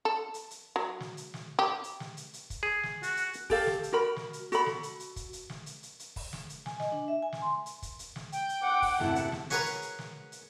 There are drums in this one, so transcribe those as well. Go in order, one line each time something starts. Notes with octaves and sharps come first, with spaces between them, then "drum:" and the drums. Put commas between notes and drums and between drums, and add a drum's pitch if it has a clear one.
A4
drum: hi-hat
drum: hi-hat
F#3
drum: snare
drum: hi-hat
drum: snare
G4
drum: hi-hat
drum: snare
drum: hi-hat
drum: hi-hat
drum: kick, hi-hat
G#4
drum: snare
F#4, drum: hi-hat
drum: hi-hat
drum: hi-hat
G4 A4 F5, drum: kick, open hi-hat
drum: snare
drum: hi-hat
F#4 A#4 B5
drum: snare
drum: hi-hat
F#4 A4 B5, drum: hi-hat
drum: snare
drum: hi-hat
drum: hi-hat
drum: kick, hi-hat
drum: hi-hat
drum: snare
drum: hi-hat
drum: hi-hat
drum: hi-hat
drum: kick, open hi-hat
drum: snare
drum: hi-hat
G#5, drum: snare
D#5, drum: snare
D4
E5
G#5
drum: snare
C6
drum: hi-hat
drum: kick, hi-hat
drum: hi-hat
drum: snare
G5, drum: hi-hat
drum: hi-hat
F#5 D6
drum: kick, open hi-hat
E1 A2 C3 E4 A5, drum: snare
drum: hi-hat
drum: snare
C#4 F#4 G#4 A#4 B4 C#5, drum: snare
drum: hi-hat
drum: hi-hat
drum: snare
drum: hi-hat